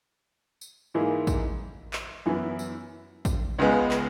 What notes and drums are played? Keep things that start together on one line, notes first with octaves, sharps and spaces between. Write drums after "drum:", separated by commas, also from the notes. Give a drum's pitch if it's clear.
drum: tambourine
G#2 E3 A#3 E4 G#4
drum: kick A1, tambourine
drum: clap
F#2 E3 B3 E4
drum: tambourine
drum: kick A1, tambourine
C#2 C#3 G#3 B3
drum: clap